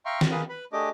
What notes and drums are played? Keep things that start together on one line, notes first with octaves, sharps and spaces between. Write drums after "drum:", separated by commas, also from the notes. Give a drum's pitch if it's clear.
E5 F5 G5 A#5 C6 C#6
drum: snare
G#4 A#4 B4 F5
B4 B5
A3 D4 G4 G#4 D#5 D6